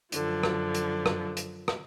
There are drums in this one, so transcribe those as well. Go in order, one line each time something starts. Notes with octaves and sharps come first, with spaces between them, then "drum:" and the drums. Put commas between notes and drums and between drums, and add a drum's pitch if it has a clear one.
F#2 D3 F3, drum: hi-hat
drum: rim click
drum: hi-hat
drum: rim click
drum: hi-hat
drum: rim click